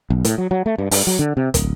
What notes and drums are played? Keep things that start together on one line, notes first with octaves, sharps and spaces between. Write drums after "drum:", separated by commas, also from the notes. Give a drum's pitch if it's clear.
B1
A2, drum: hi-hat
F#3
F#3
A3
G2
G2, drum: open hi-hat
F#3
D3
C3
D1, drum: kick, hi-hat